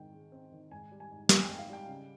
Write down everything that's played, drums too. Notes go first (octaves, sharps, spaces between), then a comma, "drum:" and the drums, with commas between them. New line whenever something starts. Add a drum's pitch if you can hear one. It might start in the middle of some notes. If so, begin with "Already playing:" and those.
Already playing: G#2 D#3 C4 G5
G#3
C4
D#3
G#2 G#5
G3
G#5
G#2
C4 F5, drum: snare
G#5
G5
G#2
F5
G3 G5
C#3